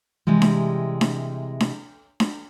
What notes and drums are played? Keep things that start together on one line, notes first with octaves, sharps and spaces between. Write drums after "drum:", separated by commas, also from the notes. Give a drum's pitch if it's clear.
C3 E3 G3 G#3
drum: snare D4
drum: snare D4
drum: snare D4
drum: snare D4